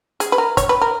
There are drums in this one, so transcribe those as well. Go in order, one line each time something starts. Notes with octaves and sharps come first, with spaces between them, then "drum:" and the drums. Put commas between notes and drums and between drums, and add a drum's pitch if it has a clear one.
G#4, drum: hi-hat
B4
A#4
C#5, drum: kick, hi-hat
B4
A#4